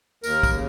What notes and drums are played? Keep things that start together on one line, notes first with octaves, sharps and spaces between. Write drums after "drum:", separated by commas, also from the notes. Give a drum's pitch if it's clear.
D#2 A#4, drum: tambourine
drum: kick, tambourine
C#3